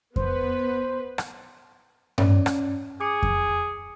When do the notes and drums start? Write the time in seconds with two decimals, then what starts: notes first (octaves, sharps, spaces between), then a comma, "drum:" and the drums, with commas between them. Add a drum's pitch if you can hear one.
0.16 B3 B4 C5, drum: kick F2
1.18 drum: rim click
2.18 C#4 D5, drum: tom G2
2.46 drum: rim click
3.01 G#4 D6 C#7
3.23 drum: kick F2